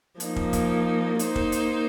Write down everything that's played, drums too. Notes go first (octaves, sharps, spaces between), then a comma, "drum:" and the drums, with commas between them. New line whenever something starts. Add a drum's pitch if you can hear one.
F3 A#3 D#4, drum: hi-hat
drum: kick
drum: kick, hi-hat
A#3 D#4 C5, drum: hi-hat
drum: kick
drum: hi-hat